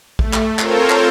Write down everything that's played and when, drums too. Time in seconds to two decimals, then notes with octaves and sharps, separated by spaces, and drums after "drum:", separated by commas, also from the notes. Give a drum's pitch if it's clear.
0.19 A3, drum: kick
0.33 drum: clap
0.59 C4 F4 A4 A#4 C5 C#5, drum: clap
0.90 drum: clap